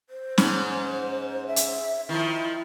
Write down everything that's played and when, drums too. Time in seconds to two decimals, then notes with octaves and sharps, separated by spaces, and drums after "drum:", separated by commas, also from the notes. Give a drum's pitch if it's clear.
0.10 C5
0.38 G#2 C#4, drum: snare C#4
1.47 E5
1.56 drum: hi-hat
2.09 D#3 F3 E4